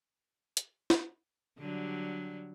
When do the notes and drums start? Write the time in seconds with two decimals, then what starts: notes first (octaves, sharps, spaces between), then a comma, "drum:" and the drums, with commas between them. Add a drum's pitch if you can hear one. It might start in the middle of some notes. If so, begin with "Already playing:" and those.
0.57 drum: hi-hat
0.90 drum: snare E4
1.59 D3 F#3 G3